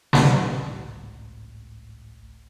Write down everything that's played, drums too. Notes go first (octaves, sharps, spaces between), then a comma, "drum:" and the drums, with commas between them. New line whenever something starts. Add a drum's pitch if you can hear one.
G#1 C#2 A2, drum: snare